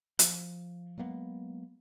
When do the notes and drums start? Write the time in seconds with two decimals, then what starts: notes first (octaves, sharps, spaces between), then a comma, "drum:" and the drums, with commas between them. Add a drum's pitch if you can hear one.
0.19 F3, drum: hi-hat
0.98 F#3 G#3 A#3 B3